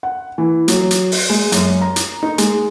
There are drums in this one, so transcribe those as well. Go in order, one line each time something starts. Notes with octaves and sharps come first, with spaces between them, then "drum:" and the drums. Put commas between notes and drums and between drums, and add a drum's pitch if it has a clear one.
F#5
E3
F#3, drum: hi-hat
drum: hi-hat
drum: open hi-hat
G#3
F#2, drum: hi-hat
A#5
drum: hi-hat
D#4
G#3, drum: hi-hat